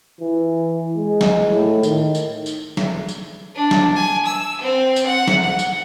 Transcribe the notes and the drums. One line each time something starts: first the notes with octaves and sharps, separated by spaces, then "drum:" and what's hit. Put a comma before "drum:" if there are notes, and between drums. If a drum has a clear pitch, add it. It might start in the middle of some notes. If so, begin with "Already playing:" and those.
E3
G#3
drum: snare
A2
D#3, drum: tambourine
drum: tambourine
drum: tambourine
drum: snare
drum: tambourine
D4
drum: snare
G#5
E6
C4
drum: tambourine
F#5
drum: snare
F#5
drum: tambourine